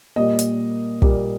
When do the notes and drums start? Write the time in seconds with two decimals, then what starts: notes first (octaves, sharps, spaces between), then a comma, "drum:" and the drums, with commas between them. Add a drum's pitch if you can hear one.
0.16 A#2 G3 A#3 D#5
0.39 drum: hi-hat
1.02 A#2 G3 A#3, drum: kick